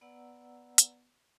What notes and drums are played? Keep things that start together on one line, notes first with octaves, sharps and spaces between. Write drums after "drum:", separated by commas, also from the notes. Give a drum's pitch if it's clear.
B3 B4 D5 F#5 A#5 E6
drum: hi-hat